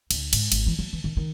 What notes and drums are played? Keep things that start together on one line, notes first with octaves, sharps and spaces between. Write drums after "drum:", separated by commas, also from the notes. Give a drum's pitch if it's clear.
D2, drum: cymbal
G#2, drum: cymbal
G#1, drum: cymbal
E3
F#3
E3
D#3
D#3